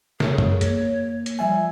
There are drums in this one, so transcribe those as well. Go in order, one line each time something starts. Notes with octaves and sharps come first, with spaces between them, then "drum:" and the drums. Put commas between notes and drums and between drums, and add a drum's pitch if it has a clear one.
G#4 A#4 C#5, drum: snare
drum: tom F#2
A#3 C#5, drum: hi-hat
drum: hi-hat
F3 G3 E5 G#5